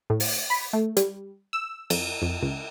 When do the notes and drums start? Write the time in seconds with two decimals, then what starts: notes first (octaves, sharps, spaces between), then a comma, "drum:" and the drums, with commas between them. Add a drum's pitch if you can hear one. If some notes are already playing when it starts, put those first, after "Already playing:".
0.10 A2
0.20 drum: open hi-hat
0.50 B5
0.73 A3
0.97 G3, drum: hi-hat
1.53 E6
1.90 F2, drum: cymbal
2.22 F2
2.42 C#2